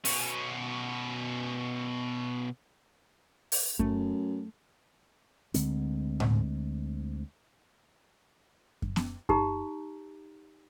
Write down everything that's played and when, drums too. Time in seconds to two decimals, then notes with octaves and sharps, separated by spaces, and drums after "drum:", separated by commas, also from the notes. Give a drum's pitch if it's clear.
0.05 B2 C#4, drum: open hi-hat
3.52 drum: open hi-hat
3.79 F#2 A3, drum: kick F#2
5.54 D2 D3 G#3 C4, drum: hi-hat
6.20 drum: tom A2
8.82 drum: kick F#2
8.96 drum: snare B3
9.29 D#4 G4 A#5, drum: kick F#2